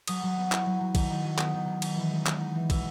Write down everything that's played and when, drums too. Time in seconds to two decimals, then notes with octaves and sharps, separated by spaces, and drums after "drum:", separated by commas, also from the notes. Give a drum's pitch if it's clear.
0.08 F#3 D#6, drum: cymbal
0.23 F#3
0.38 B3
0.52 E4 C#6, drum: clap
0.66 F#3
0.81 F#3
0.95 D#3, drum: kick, cymbal
1.10 D#3
1.24 F#3
1.38 B3 D#6, drum: clap
1.54 D#3
1.67 D#3
1.82 D#4, drum: cymbal
1.96 E3
2.11 G#3
2.26 B3, drum: clap
2.41 D#4
2.55 E3
2.70 B2 E6, drum: kick, cymbal